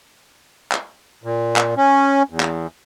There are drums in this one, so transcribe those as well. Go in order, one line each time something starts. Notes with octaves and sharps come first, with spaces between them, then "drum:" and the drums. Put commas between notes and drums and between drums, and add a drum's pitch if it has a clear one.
drum: clap
A#2
drum: clap
C#4
E2
drum: clap